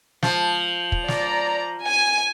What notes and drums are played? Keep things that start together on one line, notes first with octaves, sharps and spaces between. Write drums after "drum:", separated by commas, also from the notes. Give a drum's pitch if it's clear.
F3, drum: snare
drum: kick
D5 A#5, drum: snare
G#5